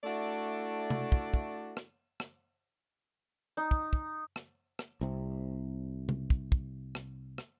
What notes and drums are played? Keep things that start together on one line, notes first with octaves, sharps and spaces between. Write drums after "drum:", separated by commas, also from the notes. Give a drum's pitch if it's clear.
A3 D4 E4 F#4 A4 D5
drum: tom C3
drum: kick
drum: kick
drum: rim click
drum: rim click
D#4
drum: kick
drum: kick
drum: rim click
drum: rim click
C2 C3
drum: tom C3
drum: kick
drum: kick
drum: rim click
drum: rim click